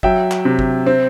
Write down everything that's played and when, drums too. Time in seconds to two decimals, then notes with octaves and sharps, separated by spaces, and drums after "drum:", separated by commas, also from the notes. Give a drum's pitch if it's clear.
0.03 F#3 E5 G5, drum: kick G1
0.31 drum: clap
0.45 C3
0.59 drum: kick G1
0.87 C4